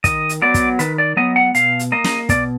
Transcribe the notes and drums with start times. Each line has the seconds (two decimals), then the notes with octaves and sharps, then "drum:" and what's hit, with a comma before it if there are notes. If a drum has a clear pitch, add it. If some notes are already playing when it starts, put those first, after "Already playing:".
0.04 D#3 D#5, drum: kick, hi-hat
0.29 drum: hi-hat
0.42 F#3 B3 D5
0.54 drum: kick, hi-hat
0.79 D#3 B4, drum: hi-hat
0.98 D5
1.17 F#3 B3 D#5
1.36 F#5
1.54 B2 F5, drum: hi-hat
1.79 drum: hi-hat
1.92 A#3 D#5
2.04 drum: snare
2.29 B2 D5, drum: kick, hi-hat